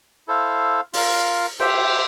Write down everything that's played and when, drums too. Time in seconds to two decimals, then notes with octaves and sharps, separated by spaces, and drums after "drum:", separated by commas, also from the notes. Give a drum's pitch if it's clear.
0.28 E4 A4 C5 F5
0.93 F4 A#4 F5, drum: open hi-hat
1.60 G4 C5 E5 G5, drum: cymbal